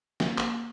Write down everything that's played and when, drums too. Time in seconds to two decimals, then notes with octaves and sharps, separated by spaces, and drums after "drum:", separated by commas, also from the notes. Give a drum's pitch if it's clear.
0.20 A#3, drum: snare
0.38 drum: clap